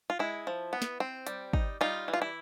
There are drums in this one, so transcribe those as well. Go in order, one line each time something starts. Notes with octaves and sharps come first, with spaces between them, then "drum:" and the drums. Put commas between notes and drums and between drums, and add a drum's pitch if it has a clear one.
F4
G#3 E4
F3
B3
drum: snare
C4
G3, drum: hi-hat
D#4, drum: kick
G3 D#4 F4
E3
F4
E4